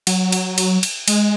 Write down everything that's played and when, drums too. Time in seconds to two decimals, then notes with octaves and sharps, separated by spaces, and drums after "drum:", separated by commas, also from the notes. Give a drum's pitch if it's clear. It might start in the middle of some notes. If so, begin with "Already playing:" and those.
0.07 F#3, drum: cymbal
0.32 drum: cymbal
0.58 drum: cymbal
0.83 drum: cymbal
1.08 G#3, drum: cymbal